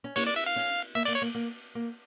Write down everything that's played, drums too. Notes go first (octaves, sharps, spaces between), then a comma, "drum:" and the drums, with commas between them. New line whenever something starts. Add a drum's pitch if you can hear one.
C#4
A#3 C#5, drum: cymbal
D5
E5
F5
C#4
A#3 E5
D5, drum: cymbal
A#3
C#5
A#3
A#3
A#3